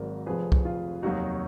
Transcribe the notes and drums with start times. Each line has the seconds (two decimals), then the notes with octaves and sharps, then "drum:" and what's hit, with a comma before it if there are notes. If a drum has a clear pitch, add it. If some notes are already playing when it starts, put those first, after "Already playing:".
Already playing: G#1 G#2 F#3 A#4 D5
0.26 F1 F2 F3 G#4 B4
0.52 drum: kick C2
0.65 F4
1.02 F1 D#2 D#3 F#3 D#4 F#4